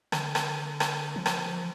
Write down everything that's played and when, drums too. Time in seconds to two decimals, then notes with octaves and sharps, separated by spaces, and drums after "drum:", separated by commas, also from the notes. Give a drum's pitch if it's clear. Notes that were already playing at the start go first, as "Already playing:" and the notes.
0.12 D3, drum: rim click
0.35 drum: rim click
0.80 drum: rim click
1.16 F3
1.26 drum: rim click